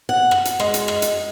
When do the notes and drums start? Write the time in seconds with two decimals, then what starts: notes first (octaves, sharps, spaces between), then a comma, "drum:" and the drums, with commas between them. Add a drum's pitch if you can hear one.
0.09 F#5
0.31 drum: rim click
0.45 drum: hi-hat
0.60 G#3, drum: rim click
0.74 drum: hi-hat
0.88 drum: rim click
1.02 drum: hi-hat